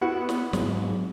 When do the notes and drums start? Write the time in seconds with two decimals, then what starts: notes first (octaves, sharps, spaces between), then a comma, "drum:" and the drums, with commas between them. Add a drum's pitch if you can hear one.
0.01 B3 E4 F#4 F#5
0.29 drum: snare
0.53 G#2 F#3 C4, drum: snare